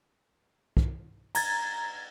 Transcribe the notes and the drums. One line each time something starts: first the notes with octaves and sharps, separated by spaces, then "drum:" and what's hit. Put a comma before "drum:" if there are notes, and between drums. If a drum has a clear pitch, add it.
drum: kick
A#5 G#6 A6, drum: cymbal